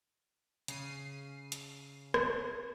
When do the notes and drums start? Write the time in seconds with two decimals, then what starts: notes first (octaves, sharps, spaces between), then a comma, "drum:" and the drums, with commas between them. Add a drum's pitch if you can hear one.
0.68 C#3 C7 D#7, drum: hi-hat
1.52 drum: hi-hat
2.14 drum: rim click